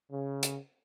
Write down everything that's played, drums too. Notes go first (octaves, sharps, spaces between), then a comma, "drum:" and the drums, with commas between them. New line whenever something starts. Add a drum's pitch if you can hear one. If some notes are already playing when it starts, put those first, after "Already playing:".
C#3
drum: hi-hat